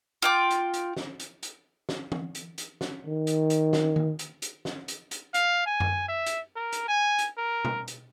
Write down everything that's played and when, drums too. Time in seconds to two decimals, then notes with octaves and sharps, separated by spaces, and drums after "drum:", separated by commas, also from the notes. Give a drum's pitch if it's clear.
0.22 F4 G5 D6
0.50 drum: hi-hat
0.73 drum: hi-hat
0.97 drum: snare
1.20 drum: hi-hat
1.43 drum: hi-hat
1.89 drum: snare
2.12 drum: tom
2.35 drum: hi-hat
2.58 drum: hi-hat
2.81 drum: snare
3.07 D#3
3.27 drum: hi-hat
3.50 drum: hi-hat
3.73 drum: snare
3.96 drum: tom D#3
4.19 drum: hi-hat
4.42 drum: hi-hat
4.65 drum: snare
4.88 drum: hi-hat
5.11 drum: hi-hat
5.34 F5, drum: hi-hat
5.66 G#5
5.80 drum: tom F#2
6.08 E5
6.26 drum: hi-hat
6.56 A#4
6.72 drum: hi-hat
6.88 G#5
7.19 drum: hi-hat
7.37 A#4
7.65 drum: tom B2
7.88 drum: hi-hat